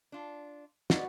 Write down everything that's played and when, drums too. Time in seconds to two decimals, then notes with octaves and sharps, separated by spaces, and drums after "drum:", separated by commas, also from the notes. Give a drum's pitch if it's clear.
0.12 D4 F4
0.90 F#4 B4 D5 D#5, drum: snare